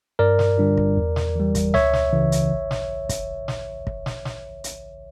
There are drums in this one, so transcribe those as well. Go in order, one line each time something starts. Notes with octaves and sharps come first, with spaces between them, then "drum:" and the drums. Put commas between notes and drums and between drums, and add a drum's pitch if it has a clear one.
G2 A#4 D5
drum: snare
D3 G3 D4 F4
drum: kick
E2
drum: snare
E3 G3
drum: kick, hi-hat
C#2 C#5 E5, drum: snare
drum: snare
C#3 E3
drum: hi-hat
A1
drum: snare
drum: kick, hi-hat
drum: snare
drum: kick
drum: snare
drum: snare
drum: hi-hat